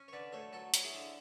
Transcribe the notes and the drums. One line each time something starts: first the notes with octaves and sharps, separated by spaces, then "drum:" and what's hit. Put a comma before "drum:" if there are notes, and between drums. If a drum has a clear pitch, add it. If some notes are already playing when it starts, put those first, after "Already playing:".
Already playing: C#4
C#5
D3 B4 D5
D2 A4 C#5
F#3 F#4 A4
C#4, drum: hi-hat
E4 G#4
D3